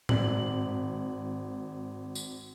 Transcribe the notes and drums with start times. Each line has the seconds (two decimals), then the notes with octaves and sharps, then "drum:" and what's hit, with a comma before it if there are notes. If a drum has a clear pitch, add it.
0.09 G#1 F#7, drum: tom A2
2.15 drum: tambourine